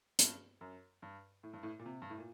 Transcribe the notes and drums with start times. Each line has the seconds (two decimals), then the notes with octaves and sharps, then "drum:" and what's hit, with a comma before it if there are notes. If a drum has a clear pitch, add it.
0.19 G2, drum: hi-hat
0.61 F#2
1.02 G2
1.43 A2
1.53 G2
1.63 A2
1.79 A#2
1.86 C3
2.02 G2
2.10 A2
2.18 A#2